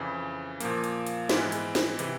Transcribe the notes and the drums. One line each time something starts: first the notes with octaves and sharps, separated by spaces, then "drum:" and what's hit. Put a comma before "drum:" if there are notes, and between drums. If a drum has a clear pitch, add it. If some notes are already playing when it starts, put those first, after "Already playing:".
Already playing: F2 C#3 E3
A#2 F3 A#3, drum: hi-hat
drum: hi-hat
drum: hi-hat
G#2 E3 G#3 B3 E4, drum: snare
drum: hi-hat
drum: snare
C3 E3, drum: hi-hat